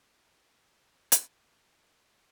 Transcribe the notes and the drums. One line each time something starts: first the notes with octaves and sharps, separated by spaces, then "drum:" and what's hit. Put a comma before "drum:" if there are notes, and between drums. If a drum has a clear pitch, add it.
C#3 D#5
drum: hi-hat
F3 F#4 F#5